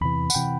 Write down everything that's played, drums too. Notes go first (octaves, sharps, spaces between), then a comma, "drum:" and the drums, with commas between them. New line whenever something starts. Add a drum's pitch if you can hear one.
E2 C3 E3 B5
F#5, drum: tambourine
C3 E3 G5